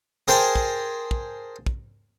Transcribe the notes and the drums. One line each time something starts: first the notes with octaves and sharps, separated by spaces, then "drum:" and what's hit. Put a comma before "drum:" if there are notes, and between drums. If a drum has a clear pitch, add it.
G#4 A#4 C5 G5 A5
drum: kick
drum: kick
drum: kick